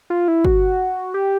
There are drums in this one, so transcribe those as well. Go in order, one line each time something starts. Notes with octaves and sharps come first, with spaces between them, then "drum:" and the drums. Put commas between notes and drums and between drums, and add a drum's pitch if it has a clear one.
F4
E4
F#4, drum: kick
G4